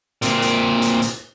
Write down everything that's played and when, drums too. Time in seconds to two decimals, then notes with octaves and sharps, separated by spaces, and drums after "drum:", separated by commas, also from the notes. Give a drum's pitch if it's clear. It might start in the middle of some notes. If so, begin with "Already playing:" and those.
0.22 A#2 C4, drum: hi-hat
0.42 drum: hi-hat
0.82 drum: hi-hat
1.02 drum: hi-hat